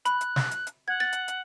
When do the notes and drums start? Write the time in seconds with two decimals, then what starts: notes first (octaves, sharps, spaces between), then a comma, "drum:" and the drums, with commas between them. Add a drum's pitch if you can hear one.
0.05 B5 F#6, drum: hi-hat
0.21 drum: hi-hat
0.36 drum: snare
0.51 drum: hi-hat
0.67 drum: hi-hat
0.88 F#5 G#6
1.00 A6
1.13 drum: hi-hat
1.28 drum: hi-hat